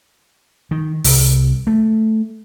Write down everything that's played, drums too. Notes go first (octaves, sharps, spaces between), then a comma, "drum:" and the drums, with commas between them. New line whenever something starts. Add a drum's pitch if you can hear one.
D#3
C2, drum: open hi-hat
A3